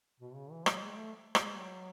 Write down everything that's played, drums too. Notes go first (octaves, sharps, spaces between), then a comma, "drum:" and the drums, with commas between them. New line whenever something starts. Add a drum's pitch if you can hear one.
B2
C#3
E3
F#3, drum: rim click
G#3
G#3
A3
G#3, drum: rim click
F#3